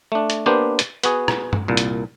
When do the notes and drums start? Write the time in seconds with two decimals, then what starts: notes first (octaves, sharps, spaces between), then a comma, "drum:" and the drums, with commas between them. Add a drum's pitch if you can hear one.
0.12 A3 D4
0.30 drum: hi-hat
0.46 A#3 B3 D4 G4 C5
0.79 drum: hi-hat
1.03 B3 F#4 G#4, drum: hi-hat
1.28 drum: rim click
1.53 drum: tom G2
1.68 C2 A#2
1.77 drum: hi-hat